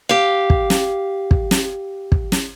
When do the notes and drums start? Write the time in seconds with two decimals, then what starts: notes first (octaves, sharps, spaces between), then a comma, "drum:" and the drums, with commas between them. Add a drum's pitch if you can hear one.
0.09 G4 F5
0.50 drum: kick
0.70 drum: snare
1.31 drum: kick
1.51 drum: snare
2.12 drum: kick
2.32 drum: snare